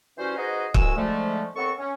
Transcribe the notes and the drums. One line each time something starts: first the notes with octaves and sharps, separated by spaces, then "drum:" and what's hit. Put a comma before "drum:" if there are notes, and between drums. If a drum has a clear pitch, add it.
E3 G3 C#4 F#4 C5
D#4 F#4 G#4 B4 C5 D#5
C2 B2 G#3 F#4 G#5 E6, drum: kick
G#2 D3 F3 G#3 A3
D#2 B3 C4 A4 C#6
C#4